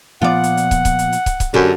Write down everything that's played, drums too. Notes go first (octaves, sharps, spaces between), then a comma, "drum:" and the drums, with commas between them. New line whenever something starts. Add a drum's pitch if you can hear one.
A#2 F3 B3 F4 D5 F#5
drum: hi-hat
drum: hi-hat
drum: kick, hi-hat
drum: kick, hi-hat
drum: hi-hat
drum: hi-hat
drum: kick, hi-hat
drum: kick, hi-hat
F#2 D3 G4